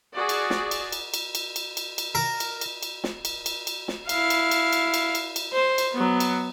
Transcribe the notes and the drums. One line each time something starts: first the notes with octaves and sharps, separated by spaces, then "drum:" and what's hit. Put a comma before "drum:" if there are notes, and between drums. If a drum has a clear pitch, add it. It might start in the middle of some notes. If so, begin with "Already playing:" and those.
F#4 G#4 D5
drum: cymbal
drum: snare
drum: cymbal
drum: cymbal
drum: cymbal
drum: cymbal
drum: cymbal
drum: cymbal
drum: cymbal
A#4
drum: cymbal
drum: cymbal
drum: cymbal
drum: snare
drum: cymbal
drum: cymbal
drum: cymbal
drum: snare
E4 F5, drum: cymbal
drum: cymbal
drum: cymbal
drum: cymbal
drum: cymbal
drum: cymbal
drum: cymbal
C5
drum: cymbal
F#3 B3
drum: cymbal